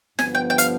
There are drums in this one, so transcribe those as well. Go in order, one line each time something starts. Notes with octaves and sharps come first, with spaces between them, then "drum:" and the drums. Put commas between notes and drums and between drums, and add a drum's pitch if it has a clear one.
G2 D3 F3 B3 G#5, drum: snare
G5
G5
F5, drum: hi-hat